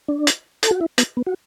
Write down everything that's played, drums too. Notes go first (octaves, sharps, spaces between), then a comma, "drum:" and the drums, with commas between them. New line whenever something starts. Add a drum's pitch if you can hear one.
D4
drum: hi-hat
A4, drum: hi-hat
F#4
E4
B3, drum: hi-hat
B3
F#4